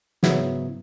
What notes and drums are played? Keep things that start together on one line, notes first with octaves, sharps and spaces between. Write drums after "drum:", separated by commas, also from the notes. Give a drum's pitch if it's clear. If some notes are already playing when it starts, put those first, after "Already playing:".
G#2 C#3 F#3 B3 E4, drum: snare